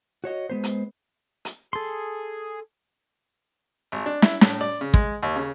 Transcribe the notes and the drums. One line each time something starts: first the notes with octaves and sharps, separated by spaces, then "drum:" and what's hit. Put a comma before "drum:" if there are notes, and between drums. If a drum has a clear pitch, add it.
F#4 C#5 D#5
G#3 B3 C5
drum: hi-hat
drum: hi-hat
G#4 A4 C6
G#1
D4
E4, drum: snare
A2, drum: snare
D5
C#3
G#3, drum: kick
D#2
C#3